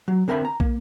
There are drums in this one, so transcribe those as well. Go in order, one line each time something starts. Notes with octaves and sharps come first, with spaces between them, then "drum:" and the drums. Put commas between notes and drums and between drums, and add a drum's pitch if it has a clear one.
F#3
D3 C4 A#4 E5 A5 B5
A#5
A#3, drum: kick